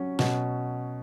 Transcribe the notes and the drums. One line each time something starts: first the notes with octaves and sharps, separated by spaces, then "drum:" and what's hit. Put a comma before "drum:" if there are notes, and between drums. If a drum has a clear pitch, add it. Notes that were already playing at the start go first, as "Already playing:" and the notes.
Already playing: F#3 C#4
B2, drum: snare